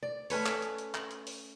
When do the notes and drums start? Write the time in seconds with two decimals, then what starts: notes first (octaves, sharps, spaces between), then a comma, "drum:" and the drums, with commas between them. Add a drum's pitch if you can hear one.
0.03 D5
0.30 A3 C#4 B4 C#5, drum: open hi-hat
0.46 drum: clap
0.62 drum: hi-hat
0.78 drum: hi-hat
0.95 drum: clap
1.11 drum: hi-hat
1.27 drum: open hi-hat